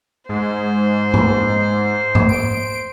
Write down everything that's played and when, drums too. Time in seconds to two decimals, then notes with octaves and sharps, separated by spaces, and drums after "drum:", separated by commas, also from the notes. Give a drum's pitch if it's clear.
0.29 G#2 C5
1.14 drum: tom G#2
2.15 drum: tom G#2
2.29 D7